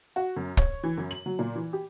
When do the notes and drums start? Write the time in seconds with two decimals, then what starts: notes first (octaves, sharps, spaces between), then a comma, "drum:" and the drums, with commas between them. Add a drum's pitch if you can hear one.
0.16 F#4
0.36 F#2
0.57 C#5, drum: kick
0.83 E3
0.97 F#2
1.11 F#7
1.26 F#3
1.39 A#2
1.55 E3
1.73 G4